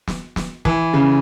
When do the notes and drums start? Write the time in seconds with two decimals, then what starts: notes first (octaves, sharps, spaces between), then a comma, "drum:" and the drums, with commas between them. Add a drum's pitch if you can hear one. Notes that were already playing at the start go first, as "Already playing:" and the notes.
0.08 drum: snare
0.36 drum: snare
0.65 E3, drum: kick
0.93 C#3